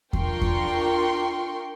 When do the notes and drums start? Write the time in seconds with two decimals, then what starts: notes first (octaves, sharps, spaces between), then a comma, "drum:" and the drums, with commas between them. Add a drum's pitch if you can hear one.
0.13 D4 F4 A#4 G5 C6 C#6, drum: kick E2
0.41 drum: kick E2